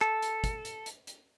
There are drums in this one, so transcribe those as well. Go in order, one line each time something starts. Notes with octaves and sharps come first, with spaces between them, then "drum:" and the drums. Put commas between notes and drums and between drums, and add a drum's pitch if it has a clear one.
A4, drum: clap
drum: hi-hat
drum: kick, hi-hat
drum: hi-hat
drum: hi-hat
drum: hi-hat